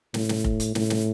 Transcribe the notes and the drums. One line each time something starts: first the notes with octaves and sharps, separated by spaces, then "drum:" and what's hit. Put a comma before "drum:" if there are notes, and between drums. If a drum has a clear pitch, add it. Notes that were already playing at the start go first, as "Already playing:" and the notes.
A2, drum: snare
drum: snare
drum: kick F1
drum: hi-hat
A2, drum: snare
drum: snare